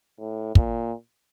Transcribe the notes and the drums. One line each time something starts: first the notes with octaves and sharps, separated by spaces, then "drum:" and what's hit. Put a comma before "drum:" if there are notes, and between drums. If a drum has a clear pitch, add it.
A2
A#2, drum: kick